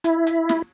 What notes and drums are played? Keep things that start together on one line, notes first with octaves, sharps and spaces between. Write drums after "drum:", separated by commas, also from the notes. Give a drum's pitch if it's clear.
E4, drum: hi-hat
drum: hi-hat
drum: snare